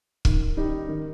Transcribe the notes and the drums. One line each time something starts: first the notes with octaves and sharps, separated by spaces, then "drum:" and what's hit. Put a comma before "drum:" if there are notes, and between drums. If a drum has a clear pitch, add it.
D#3, drum: kick
G3 D#4 G4
D#3